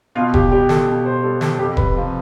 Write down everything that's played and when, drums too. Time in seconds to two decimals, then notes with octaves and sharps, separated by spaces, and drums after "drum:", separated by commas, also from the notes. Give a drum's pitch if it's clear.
0.15 B2 F4
0.34 G4, drum: kick E1
0.51 G3 G4
0.69 A4, drum: snare
0.87 B2
1.05 C5
1.23 G3 A4
1.41 A4, drum: snare
1.58 F2 G4
1.77 B4, drum: kick E1
1.95 C3 F3